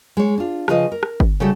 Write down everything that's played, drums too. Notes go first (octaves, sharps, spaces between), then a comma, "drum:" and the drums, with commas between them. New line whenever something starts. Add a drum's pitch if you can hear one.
G#3 C#5
D4 F4
C#3 F3 F4 G#4 B4 D#5, drum: rim click
A#4
drum: rim click
drum: kick G1
C#3 G3 A3 F#4 A4